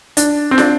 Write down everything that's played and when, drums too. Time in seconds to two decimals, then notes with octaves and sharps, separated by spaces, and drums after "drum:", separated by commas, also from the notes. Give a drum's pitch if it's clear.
0.17 D4, drum: hi-hat
0.51 C4
0.58 D4, drum: snare